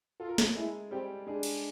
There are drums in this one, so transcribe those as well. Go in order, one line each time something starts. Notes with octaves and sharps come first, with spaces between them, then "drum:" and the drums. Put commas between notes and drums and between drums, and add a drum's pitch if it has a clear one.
F4 A4
A#4
A3 A4, drum: snare
G#3 E4 G#4
G3 C4 G4
G#3 D4 G#4
drum: cymbal